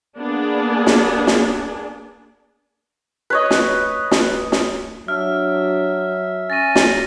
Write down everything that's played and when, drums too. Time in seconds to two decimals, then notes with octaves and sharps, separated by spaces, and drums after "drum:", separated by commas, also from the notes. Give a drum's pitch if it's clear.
0.19 A#3 B3 D4 G#4
0.86 drum: snare
1.27 drum: snare
3.30 B4 C#5 D#5
3.51 drum: snare
4.11 drum: snare
4.52 drum: snare
5.08 F#3 D4 E5 F6
6.50 C#4 A6 A#6 D#7
6.76 drum: snare